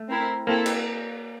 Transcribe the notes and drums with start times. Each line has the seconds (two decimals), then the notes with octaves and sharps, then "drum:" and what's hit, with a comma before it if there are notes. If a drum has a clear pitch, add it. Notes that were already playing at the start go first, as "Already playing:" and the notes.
Already playing: A3
0.09 C4 E4 A#4
0.47 A#3 C4 E4 A4
0.66 drum: cymbal